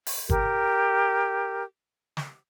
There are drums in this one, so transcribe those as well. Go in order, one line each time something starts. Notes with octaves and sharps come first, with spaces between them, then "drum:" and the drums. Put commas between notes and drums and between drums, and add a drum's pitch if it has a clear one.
drum: open hi-hat
G4 A#4, drum: kick G1
drum: snare